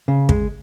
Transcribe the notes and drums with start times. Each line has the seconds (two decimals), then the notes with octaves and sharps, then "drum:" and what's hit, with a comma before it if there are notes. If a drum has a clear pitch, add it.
0.08 C#3
0.29 G#3, drum: kick